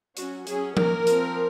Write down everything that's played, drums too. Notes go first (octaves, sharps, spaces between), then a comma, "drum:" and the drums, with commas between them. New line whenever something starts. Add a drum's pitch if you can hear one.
F#3 C#4 F#4, drum: hi-hat
F#3 C#4 G#4, drum: hi-hat
D#3 A#3 C#4 A#4, drum: tom F3
F3 C4, drum: hi-hat